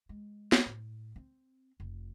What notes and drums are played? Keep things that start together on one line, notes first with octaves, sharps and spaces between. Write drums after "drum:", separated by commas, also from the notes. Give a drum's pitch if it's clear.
G#3
drum: snare
A2
C4
F1